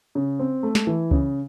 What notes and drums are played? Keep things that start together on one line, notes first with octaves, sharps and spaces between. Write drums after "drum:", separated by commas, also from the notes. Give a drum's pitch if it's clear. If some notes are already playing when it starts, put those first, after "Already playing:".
C#3
C4
A3
drum: snare
E3
C#3, drum: kick